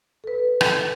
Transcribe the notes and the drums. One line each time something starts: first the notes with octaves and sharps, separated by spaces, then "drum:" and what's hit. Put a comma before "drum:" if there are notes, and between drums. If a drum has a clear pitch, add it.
A4 B4
drum: rim click